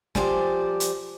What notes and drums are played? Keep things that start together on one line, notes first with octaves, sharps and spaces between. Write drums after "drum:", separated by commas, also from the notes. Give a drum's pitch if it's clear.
F3 G3 C5 D5 G#5, drum: snare
drum: hi-hat